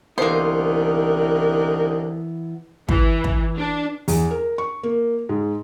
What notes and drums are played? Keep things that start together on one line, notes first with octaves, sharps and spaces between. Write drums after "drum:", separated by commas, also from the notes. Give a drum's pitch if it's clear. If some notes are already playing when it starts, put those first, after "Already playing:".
C2 D3 E3 A#3 B3 D#4 A#4 C5
E3, drum: kick
drum: kick
D4
E2, drum: open hi-hat
A#4
C#6
A#3
G#2